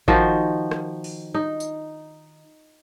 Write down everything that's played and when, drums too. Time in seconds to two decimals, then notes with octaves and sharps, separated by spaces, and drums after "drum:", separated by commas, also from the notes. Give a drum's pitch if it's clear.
0.08 D#3 F3 F#4, drum: kick G#1
0.71 drum: rim click
1.04 drum: open hi-hat
1.34 D#4
1.60 drum: tambourine